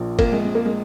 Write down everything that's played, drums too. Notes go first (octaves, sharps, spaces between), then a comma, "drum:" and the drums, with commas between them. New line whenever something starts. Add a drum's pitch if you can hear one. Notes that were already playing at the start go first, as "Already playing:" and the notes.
Already playing: A#1 A#2 F3
A#3, drum: kick G1, cymbal
G#3
G#3
A#3
G#3